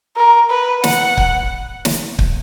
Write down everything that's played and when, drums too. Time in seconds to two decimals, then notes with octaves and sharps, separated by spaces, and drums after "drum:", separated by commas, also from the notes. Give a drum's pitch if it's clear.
0.16 A#4
0.50 B4
0.84 F#5, drum: snare
1.17 drum: kick
1.85 drum: snare
2.19 drum: kick